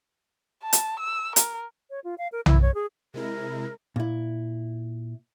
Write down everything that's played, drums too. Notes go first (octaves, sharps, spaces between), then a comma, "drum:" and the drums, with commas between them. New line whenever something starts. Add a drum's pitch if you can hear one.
A5
drum: hi-hat
E6
A#4, drum: hi-hat
C#5
F4
F5
A#4
E4, drum: tom B1
C#5
G#4
C3 G#3 E4 A#4
A#2 E4